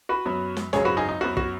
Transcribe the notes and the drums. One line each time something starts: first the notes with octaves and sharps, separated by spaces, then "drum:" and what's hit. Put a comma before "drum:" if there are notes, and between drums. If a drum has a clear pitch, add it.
F#4 B4
F#2 F#3 B3
drum: snare
G#1 F#2 C#3 F#3 G#4 C#5, drum: snare
F#4 B4
D#4 G#4
D#4
F#2 F#3 B3 F#4
F#4, drum: kick